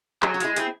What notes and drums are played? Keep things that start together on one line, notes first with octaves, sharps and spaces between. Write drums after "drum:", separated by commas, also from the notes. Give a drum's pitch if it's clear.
F#3 G#4, drum: clap
F#4
G#3 E4 G#4, drum: hi-hat
C4 E4 G#4, drum: hi-hat